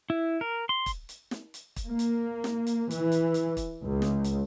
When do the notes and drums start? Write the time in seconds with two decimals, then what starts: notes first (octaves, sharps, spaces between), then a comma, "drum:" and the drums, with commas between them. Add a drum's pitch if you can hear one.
0.10 E4
0.41 A#4
0.69 C6
0.86 drum: kick, hi-hat
1.09 drum: hi-hat
1.31 drum: snare
1.54 drum: hi-hat
1.76 drum: kick, hi-hat
1.88 A#3
1.99 drum: hi-hat
2.44 drum: snare
2.67 drum: hi-hat
2.91 E3, drum: hi-hat
3.12 drum: hi-hat
3.34 drum: hi-hat
3.57 drum: kick, hi-hat
3.83 C#2
4.02 drum: snare
4.24 drum: hi-hat